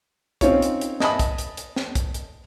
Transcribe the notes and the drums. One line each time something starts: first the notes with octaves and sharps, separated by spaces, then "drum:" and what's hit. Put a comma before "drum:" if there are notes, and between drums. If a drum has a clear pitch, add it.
C4 C#4 D#4 F4 C#5, drum: kick, hi-hat
drum: hi-hat
drum: hi-hat
D#5 G#5 A5 B5 D#6, drum: snare
drum: kick, hi-hat
drum: hi-hat
drum: hi-hat
drum: snare
drum: kick, hi-hat
drum: hi-hat